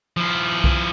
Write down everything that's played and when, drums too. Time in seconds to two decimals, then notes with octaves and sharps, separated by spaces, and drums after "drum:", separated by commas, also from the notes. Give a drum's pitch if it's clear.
0.17 F3 E4
0.64 drum: kick B1